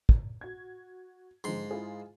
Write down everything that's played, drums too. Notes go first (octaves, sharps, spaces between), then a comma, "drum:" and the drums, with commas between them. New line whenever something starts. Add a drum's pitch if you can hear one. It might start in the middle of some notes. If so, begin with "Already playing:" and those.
drum: kick
F#4 G#6
G#2 D3 F3 C6
E4 F4 G#4